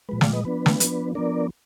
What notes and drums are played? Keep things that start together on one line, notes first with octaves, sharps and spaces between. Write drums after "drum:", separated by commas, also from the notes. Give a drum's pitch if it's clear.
A#2 F3 G#3 B4
D5 F5, drum: snare
B4 D#5
F3 B3 D4 B4
drum: snare
F3 B3 D4, drum: hi-hat
F3 B3 D4 A#4 D5